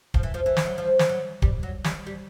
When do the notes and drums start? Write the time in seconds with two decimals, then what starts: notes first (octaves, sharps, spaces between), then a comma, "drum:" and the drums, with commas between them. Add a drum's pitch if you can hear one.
0.14 F3, drum: kick
0.23 E3
0.34 F3
0.46 E3
0.57 drum: snare
0.66 F#3
0.78 F3
0.99 drum: snare
1.09 F#3
1.42 G3, drum: kick
1.63 F#3
1.84 G3, drum: snare
2.07 G3